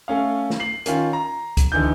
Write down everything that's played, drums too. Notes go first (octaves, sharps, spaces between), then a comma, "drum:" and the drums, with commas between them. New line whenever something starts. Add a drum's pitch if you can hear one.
A3 C#4 F5
drum: snare
C7 F#7
D#3 C#4 F4, drum: hi-hat
A#5
drum: kick, hi-hat
D1 D3 E3 D#4 G6